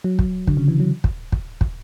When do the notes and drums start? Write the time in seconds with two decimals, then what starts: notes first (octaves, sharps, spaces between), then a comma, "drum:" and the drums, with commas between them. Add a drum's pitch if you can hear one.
0.04 F#3
0.19 drum: kick
0.47 D3, drum: kick
0.57 C#3
0.68 E3
0.80 F#3
1.04 drum: kick
1.32 drum: kick
1.61 drum: kick